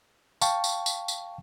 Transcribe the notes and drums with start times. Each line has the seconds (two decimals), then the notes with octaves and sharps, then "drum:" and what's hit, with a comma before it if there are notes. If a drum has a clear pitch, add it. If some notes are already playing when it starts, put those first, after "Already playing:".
0.41 F5 G5 A5 C#6, drum: tambourine
0.64 drum: tambourine
0.86 drum: tambourine
1.08 drum: tambourine